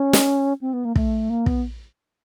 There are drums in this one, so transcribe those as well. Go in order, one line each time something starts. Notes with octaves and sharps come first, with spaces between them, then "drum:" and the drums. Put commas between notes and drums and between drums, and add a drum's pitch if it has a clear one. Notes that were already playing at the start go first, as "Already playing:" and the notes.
Already playing: C#4
drum: snare
C4
B3
A#3
A3, drum: kick
A#3
B3, drum: kick